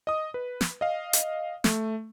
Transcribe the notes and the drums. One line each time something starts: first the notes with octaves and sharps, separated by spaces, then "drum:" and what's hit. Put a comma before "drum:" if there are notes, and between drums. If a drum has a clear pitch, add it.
D#5 D#6
B4
drum: snare
D#5 F5
drum: hi-hat
A3, drum: snare